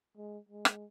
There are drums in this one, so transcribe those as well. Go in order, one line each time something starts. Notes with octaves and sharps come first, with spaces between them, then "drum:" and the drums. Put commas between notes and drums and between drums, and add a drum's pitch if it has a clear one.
G#3
G#3
drum: rim click